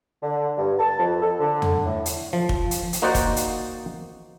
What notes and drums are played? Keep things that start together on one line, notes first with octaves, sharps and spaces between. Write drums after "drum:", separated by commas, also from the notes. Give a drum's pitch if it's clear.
D3
G2
A5
F2
A4
D3
drum: tom E2
A2
drum: hi-hat
F3
drum: kick
drum: hi-hat
drum: hi-hat
A#3 D#4 F#4 C5 D5 F#5
drum: kick, hi-hat
drum: hi-hat